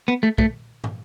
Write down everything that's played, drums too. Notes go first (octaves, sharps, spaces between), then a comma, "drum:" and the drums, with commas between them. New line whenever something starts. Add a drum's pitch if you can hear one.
B3
A3
A3, drum: kick
drum: tom